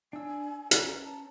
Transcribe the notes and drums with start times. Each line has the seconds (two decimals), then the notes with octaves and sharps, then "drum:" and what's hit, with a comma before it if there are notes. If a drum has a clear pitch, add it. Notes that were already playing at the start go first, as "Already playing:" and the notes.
0.13 D4 G#5 E6
0.71 C#4 A4 A#5, drum: hi-hat
0.92 B4
1.04 A5